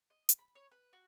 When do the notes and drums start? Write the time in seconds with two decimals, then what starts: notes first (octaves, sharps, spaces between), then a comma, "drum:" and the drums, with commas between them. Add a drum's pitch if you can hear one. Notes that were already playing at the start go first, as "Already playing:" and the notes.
0.10 D#5
0.29 drum: hi-hat
0.39 B5
0.55 C#5
0.72 B4
0.93 F#4